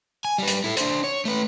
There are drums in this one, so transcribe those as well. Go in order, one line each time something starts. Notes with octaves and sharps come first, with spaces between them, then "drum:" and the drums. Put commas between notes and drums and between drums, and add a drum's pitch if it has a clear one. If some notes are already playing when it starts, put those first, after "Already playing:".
G#5
G3 B4
drum: hi-hat
E4 A4
D4 C5, drum: hi-hat
C#5
A3 B4